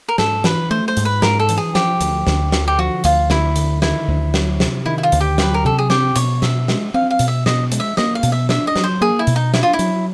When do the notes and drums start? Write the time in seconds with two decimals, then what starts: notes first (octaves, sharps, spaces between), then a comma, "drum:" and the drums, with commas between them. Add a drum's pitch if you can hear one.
0.08 A#4
0.18 G#2 A4, drum: snare
0.44 E3 B4, drum: snare
0.71 A3 C5
0.88 C5
0.97 G#2, drum: hi-hat
1.05 B4
1.22 G#2 A#4, drum: snare
1.40 A4
1.49 E3, drum: hi-hat
1.57 G#4
1.75 F3 G4, drum: snare
2.01 D2, drum: hi-hat
2.27 D2, drum: snare
2.52 D3, drum: snare
2.68 G4
2.78 F3 F#4
3.04 D2 F4, drum: hi-hat
3.30 D2 E4, drum: snare
3.56 D3, drum: hi-hat
3.82 D#3 E4, drum: snare
4.08 D2
4.34 F#3, drum: snare
4.60 C3, drum: snare
4.86 D#3 E4
4.98 E4
5.03 F4
5.12 D2, drum: hi-hat
5.21 G4
5.38 F#3 B4, drum: snare
5.54 A#4
5.64 C3 A4
5.79 G#4
5.90 C4 G4, drum: snare
6.16 B2 C#5, drum: hi-hat
6.42 B2 E5, drum: snare
6.68 G#3, drum: snare
6.94 C4 F5
7.10 F5
7.19 B2, drum: hi-hat
7.28 E5
7.46 B2 D#5, drum: snare
7.72 G#3, drum: hi-hat
7.80 E5
7.97 A#3 D#5, drum: snare
8.15 F5
8.23 B2, drum: hi-hat
8.32 E5
8.49 D4 E5, drum: snare
8.67 D#5
8.76 F#3, drum: snare
8.84 C5
9.01 A#3 G#4
9.19 E4
9.27 B2, drum: hi-hat
9.36 D#4
9.54 D4 E4, drum: snare
9.63 F4
9.73 E4
9.79 F#3, drum: hi-hat